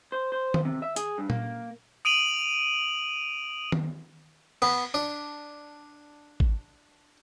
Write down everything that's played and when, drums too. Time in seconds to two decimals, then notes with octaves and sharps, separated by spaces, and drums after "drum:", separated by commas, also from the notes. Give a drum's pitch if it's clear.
0.12 C5
0.32 C5
0.54 drum: tom D#3
0.65 C3
0.82 E5
0.96 G#4, drum: hi-hat
1.18 G2
1.30 A#3, drum: tom A#2
2.05 D#6 D7 D#7 F7 F#7
3.72 drum: tom D#3
4.62 B3, drum: cymbal
4.94 D4
6.40 drum: kick G#1